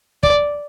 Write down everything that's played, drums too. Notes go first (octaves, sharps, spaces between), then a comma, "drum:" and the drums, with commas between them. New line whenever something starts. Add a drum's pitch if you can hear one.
D5, drum: kick